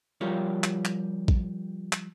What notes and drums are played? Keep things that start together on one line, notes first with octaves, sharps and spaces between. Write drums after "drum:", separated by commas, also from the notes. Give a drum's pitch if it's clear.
F3 G3 F4 G4 A#4 C#5
drum: clap
drum: clap
drum: kick
drum: clap